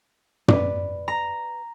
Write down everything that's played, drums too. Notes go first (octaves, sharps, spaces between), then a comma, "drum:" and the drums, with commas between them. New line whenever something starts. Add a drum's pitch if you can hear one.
B4 D5, drum: tom
A#5